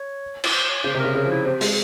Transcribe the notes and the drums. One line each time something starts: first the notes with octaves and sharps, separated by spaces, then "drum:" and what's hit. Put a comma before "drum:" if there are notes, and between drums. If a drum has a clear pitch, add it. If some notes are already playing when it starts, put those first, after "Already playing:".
Already playing: C#5
drum: cymbal
C5
C5
C#5
C#3 C5
C3
C#3 A#4
C#3 A#4
F3
E4
C4 G4
G#3, drum: open hi-hat